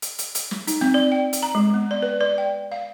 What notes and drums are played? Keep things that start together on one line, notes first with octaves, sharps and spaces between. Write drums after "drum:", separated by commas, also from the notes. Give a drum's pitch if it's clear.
drum: hi-hat
drum: hi-hat
drum: hi-hat
drum: snare
D#4, drum: hi-hat
C4, drum: snare
D5
G5
drum: hi-hat
A#5
G#3
B3
D5
B4
D5
G5
F5